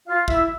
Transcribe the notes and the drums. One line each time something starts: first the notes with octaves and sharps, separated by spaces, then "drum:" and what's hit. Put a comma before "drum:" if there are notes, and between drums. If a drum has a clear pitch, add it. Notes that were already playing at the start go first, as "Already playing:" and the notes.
F4 F5
E4 E5, drum: kick